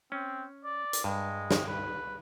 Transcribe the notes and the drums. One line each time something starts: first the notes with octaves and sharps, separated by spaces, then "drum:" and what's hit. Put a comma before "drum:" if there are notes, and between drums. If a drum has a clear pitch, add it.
C4 C#4
D5
drum: hi-hat
G2 G#3
drum: snare
B4